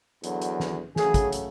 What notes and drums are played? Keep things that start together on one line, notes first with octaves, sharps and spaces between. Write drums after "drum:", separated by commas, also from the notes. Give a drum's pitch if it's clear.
E2 D3 F#3, drum: hi-hat
drum: hi-hat
drum: snare
C#3 F#3 A3 G#4, drum: snare
drum: kick, hi-hat
drum: hi-hat